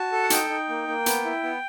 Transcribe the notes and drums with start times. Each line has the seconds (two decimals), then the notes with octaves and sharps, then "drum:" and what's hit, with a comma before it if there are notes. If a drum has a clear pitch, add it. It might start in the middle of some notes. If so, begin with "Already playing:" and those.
Already playing: F#4 A5
0.12 A4
0.23 F#5
0.30 D#4 G5, drum: hi-hat
0.49 D#4
0.69 A#3
0.88 A#3
1.06 B3, drum: hi-hat
1.25 E4
1.43 B3